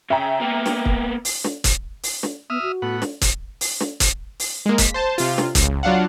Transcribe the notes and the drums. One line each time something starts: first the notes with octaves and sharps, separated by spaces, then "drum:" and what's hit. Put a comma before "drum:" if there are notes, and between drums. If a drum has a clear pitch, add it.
C#3 E5 G5 A#5
A#3 B3
drum: snare
drum: kick
drum: open hi-hat
drum: snare
drum: kick, hi-hat
drum: open hi-hat
drum: snare
B3 E5 D#6 F6
F#4
A2 B3 F#5
drum: snare
drum: kick, hi-hat
drum: open hi-hat
drum: snare
drum: kick, hi-hat
drum: open hi-hat
G#3 A#3
B6, drum: kick, hi-hat
C5 A5
C3 F4, drum: open hi-hat
drum: snare
C#2, drum: kick, hi-hat
F#3 D4 F4 F5 F#5